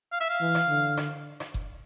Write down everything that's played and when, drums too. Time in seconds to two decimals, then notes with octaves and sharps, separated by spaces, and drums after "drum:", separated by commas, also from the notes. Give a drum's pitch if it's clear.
0.12 F5
0.20 E5
0.29 F5
0.40 E3
0.55 drum: rim click
0.68 D3
0.97 drum: rim click
1.40 drum: rim click
1.54 drum: kick F#1